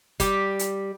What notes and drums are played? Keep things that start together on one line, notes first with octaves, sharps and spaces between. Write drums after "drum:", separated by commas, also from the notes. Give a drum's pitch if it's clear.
G3 G4, drum: kick F1, hi-hat
drum: hi-hat